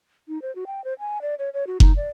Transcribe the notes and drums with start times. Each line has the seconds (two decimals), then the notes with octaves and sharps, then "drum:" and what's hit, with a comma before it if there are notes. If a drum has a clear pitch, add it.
0.28 D#4
0.42 C5
0.55 F#4
0.66 G5
0.84 C5
0.99 G#5
1.22 D5
1.39 C#5
1.54 C#5
1.67 F#4
1.80 D#4, drum: kick F#1
1.96 D5